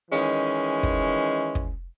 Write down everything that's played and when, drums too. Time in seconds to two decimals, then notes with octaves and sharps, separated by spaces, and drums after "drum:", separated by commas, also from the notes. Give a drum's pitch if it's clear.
0.11 D#3 E3 G#3 C#4
0.83 drum: kick
1.55 drum: kick